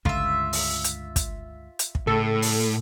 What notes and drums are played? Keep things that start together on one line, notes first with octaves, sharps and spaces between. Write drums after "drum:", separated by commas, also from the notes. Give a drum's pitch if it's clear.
C#2 G2 D3 F4 E5, drum: kick
drum: open hi-hat
drum: hi-hat
drum: kick, hi-hat
drum: hi-hat
drum: kick
A2 C#3 A4
drum: open hi-hat